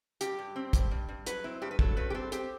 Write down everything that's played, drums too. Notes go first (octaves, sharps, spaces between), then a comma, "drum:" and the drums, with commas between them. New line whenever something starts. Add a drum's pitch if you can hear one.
G2 G4, drum: hi-hat
G2
C4
G2, drum: kick, hi-hat
G2
G2
F#3 B4, drum: hi-hat
C4 E4
G2 G4
B4
F#3 A4, drum: kick
G2 B4
G4
C4 A4
C4 G4, drum: hi-hat